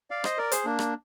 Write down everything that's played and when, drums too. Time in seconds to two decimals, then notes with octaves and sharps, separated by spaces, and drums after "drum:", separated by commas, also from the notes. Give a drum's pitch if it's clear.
0.10 D5 F5
0.24 C5 D#5, drum: rim click
0.38 A#4 D5
0.52 G#4 C5, drum: hi-hat
0.65 A#3 D4
0.79 drum: rim click